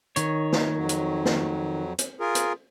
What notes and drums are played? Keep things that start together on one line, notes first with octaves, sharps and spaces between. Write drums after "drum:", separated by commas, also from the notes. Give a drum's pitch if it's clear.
D#3 C#5, drum: hi-hat
drum: snare
F2 F#3
drum: hi-hat
drum: snare
drum: hi-hat
F4 G#4 A#4
drum: hi-hat